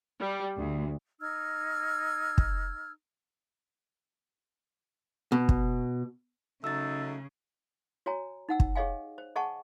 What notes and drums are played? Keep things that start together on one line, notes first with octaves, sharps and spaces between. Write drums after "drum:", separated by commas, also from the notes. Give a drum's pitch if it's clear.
G3
D2
D#4 E6 F6 G#6
drum: kick
B2
drum: kick
C#3 F#3 A3 D#4 E6 A6
F#4 C#5 G#5 A#5
D#4 F#5 E6
drum: kick
G4 G#4 C#5 D#5 F5 G#5
C5
G#4 D#5 F#5 G#5 A5 C#6